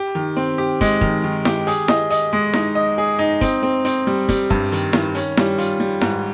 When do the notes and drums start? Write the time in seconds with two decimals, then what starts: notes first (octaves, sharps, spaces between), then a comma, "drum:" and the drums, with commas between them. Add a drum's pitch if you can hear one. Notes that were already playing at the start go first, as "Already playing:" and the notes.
Already playing: G4
0.15 D#3
0.37 C4
0.58 G4
0.81 G#3, drum: kick, hi-hat
1.01 D#3, drum: kick
1.24 D#3
1.45 G4, drum: snare E4
1.67 G#4, drum: hi-hat
1.88 D#5, drum: snare E4
2.10 D#5, drum: hi-hat
2.33 G#3
2.53 D#4, drum: snare E4
2.75 D#5
2.98 G#4
3.19 D#4
3.41 C4, drum: kick, hi-hat
3.63 C4
3.85 C4, drum: hi-hat
4.07 G3
4.29 G3, drum: kick, hi-hat
4.50 G2, drum: kick
4.72 D#3, drum: hi-hat
4.93 D#3, drum: snare E4
5.15 C#4, drum: hi-hat
5.37 G3, drum: snare E4
5.58 F4, drum: hi-hat
5.80 G3
6.01 G#2, drum: snare E4